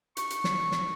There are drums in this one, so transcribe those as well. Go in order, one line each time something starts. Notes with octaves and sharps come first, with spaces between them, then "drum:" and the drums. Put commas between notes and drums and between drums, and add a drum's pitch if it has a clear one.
C#6, drum: hi-hat
drum: hi-hat
drum: snare
drum: snare